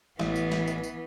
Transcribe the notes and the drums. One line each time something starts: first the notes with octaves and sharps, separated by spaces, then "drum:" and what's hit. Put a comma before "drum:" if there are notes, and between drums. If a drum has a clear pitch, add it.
A1 E3 B3, drum: snare
drum: tambourine
drum: snare
drum: tambourine
drum: tambourine